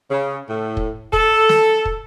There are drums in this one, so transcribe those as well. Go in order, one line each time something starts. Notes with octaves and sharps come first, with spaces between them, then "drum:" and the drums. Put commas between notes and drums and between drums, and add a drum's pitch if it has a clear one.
C#3
A2
drum: kick
A4, drum: kick
drum: snare
drum: kick